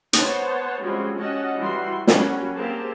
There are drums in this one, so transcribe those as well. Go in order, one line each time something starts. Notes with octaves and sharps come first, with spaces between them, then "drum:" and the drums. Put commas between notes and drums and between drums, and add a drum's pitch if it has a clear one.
B3 C5 C#5 F#5 A5, drum: hi-hat
F3 G3 G#3 C4 C#4 F#4
C#4 F#4 G4 D#5 F#5 A5
E3 G3 F#4 C6
F#3 G3 A#3 C#4 F#4, drum: snare
A#3 C4 G4 G#4 A5